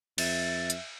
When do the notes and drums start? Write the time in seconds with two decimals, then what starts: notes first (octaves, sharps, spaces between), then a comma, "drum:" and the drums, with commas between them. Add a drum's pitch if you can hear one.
0.18 F2 E5 A6, drum: cymbal
0.70 drum: hi-hat